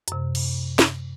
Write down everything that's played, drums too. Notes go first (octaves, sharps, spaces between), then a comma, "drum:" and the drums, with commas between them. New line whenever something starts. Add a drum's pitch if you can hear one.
F#2 C3, drum: hi-hat
drum: cymbal
drum: snare